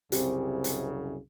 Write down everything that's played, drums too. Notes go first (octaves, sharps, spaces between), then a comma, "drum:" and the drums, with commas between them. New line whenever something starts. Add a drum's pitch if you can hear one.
C2 F#2 C#3 C4 G4, drum: hi-hat
drum: hi-hat